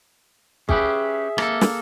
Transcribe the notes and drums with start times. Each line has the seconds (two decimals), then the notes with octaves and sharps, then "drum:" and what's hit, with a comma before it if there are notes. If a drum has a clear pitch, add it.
0.69 C#4 G4 G#4 B4 E5, drum: kick
1.38 A#3 A4, drum: rim click
1.61 drum: snare